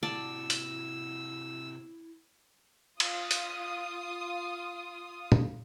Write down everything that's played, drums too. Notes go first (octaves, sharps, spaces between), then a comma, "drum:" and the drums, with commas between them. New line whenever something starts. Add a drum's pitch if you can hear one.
C3 E4 F#4 D5 A5 E6
drum: hi-hat
F4 D#6, drum: cymbal
drum: hi-hat
drum: tom